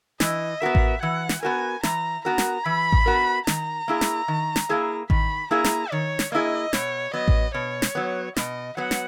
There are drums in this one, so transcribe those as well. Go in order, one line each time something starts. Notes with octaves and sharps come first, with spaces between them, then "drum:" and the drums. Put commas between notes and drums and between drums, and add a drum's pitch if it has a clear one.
E3 D#5, drum: snare
B3 F#4 A#4 E5
drum: kick A1
E3 F#5
drum: snare
B3 F#4 A#4 G#5
E3 A#5, drum: snare
B3 F#4 A#4 A#5
drum: snare
E3 B5
drum: kick A1
B3 F#4 A#4
D#3 A#5, drum: snare
A#3 E4 G#4
drum: snare
D#3
drum: snare
A#3 E4 G#4
D#3 B5, drum: kick A1
A#3 E4 G#4 A#5
drum: snare
D#3 C#5
drum: snare
A#3 E4 G#4 D#5
B2 C#5, drum: snare
F#3 B3 D#5
drum: kick A1
B2 C#5
drum: snare
F#3 B3
B2 D#5, drum: snare
F#3 B3 F#5
drum: snare